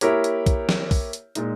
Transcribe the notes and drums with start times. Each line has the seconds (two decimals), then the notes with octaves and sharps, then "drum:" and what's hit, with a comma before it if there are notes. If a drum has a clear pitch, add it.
0.01 A#3 E4 G4 A#4 C#5, drum: hi-hat
0.24 drum: hi-hat
0.46 drum: kick, hi-hat
0.69 drum: snare
0.91 drum: kick, open hi-hat
1.13 drum: hi-hat
1.35 A#2 G#3 D#4, drum: hi-hat